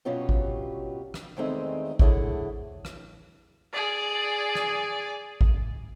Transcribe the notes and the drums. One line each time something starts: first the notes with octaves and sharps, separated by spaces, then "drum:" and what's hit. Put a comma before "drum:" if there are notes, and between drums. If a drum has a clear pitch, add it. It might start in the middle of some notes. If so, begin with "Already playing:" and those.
G2 B2 F#3 C#4 F4 G4
drum: kick G#1
drum: rim click
E2 D#3 G#3 A3 C4 D#4
D3 F#3 A3 E4 G#4 A4, drum: kick G#1
drum: rim click
G#4 D5
drum: rim click
drum: kick G#1